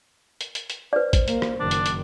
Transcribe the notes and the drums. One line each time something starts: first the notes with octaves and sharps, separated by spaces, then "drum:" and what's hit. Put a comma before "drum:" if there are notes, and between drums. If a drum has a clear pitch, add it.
drum: hi-hat
drum: hi-hat
drum: hi-hat
B4 C5 D5
drum: kick A1, hi-hat
A#3, drum: hi-hat
drum: rim click
F#1 D#3 D4
drum: hi-hat
drum: hi-hat